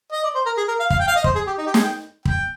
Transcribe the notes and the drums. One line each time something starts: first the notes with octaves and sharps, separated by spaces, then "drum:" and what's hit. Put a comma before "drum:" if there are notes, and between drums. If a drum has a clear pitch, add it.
D#5
D5
C5
A#4
G#4
A#4
F5
F5, drum: kick
G5
F5
D#5
C5, drum: kick
G#4
G4
D#4
G4
G#4, drum: snare
G5
G5, drum: kick